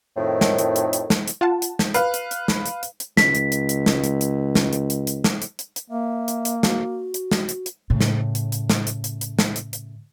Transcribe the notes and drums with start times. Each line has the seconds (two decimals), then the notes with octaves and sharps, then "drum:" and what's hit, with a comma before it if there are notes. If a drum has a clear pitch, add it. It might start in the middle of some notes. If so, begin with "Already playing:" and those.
0.17 F2 A2 D#3
0.41 drum: snare
0.59 drum: hi-hat
0.76 drum: hi-hat
0.93 drum: hi-hat
1.10 drum: snare
1.28 drum: hi-hat
1.41 F4 F#5 A5
1.62 drum: hi-hat
1.79 drum: snare
1.94 B4 F5, drum: hi-hat
2.14 drum: hi-hat
2.31 drum: hi-hat
2.48 drum: snare
2.66 drum: hi-hat
2.83 drum: hi-hat
3.00 drum: hi-hat
3.17 C#2 B6, drum: snare
3.35 drum: hi-hat
3.52 drum: hi-hat
3.69 drum: hi-hat
3.86 drum: snare
4.04 drum: hi-hat
4.21 drum: hi-hat
4.55 drum: snare
4.73 drum: hi-hat
4.90 drum: hi-hat
5.07 drum: hi-hat
5.24 drum: snare
5.42 drum: hi-hat
5.59 drum: hi-hat
5.76 drum: hi-hat
5.90 A#3 E5
6.28 drum: hi-hat
6.45 drum: hi-hat
6.63 F#4, drum: snare
7.14 drum: hi-hat
7.31 drum: snare
7.49 drum: hi-hat
7.66 drum: hi-hat
7.90 A2 C#3
8.00 drum: snare
8.35 drum: hi-hat
8.52 drum: hi-hat
8.70 drum: snare
8.87 drum: hi-hat
9.04 drum: hi-hat
9.21 drum: hi-hat
9.39 drum: snare
9.56 drum: hi-hat
9.73 drum: hi-hat